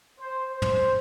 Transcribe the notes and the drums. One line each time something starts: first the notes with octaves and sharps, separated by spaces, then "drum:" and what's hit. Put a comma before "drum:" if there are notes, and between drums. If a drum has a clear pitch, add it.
C5
C5
drum: tom